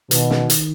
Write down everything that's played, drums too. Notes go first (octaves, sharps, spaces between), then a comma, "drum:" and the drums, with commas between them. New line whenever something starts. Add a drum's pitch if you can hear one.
B2 D#3, drum: hi-hat
drum: snare
drum: hi-hat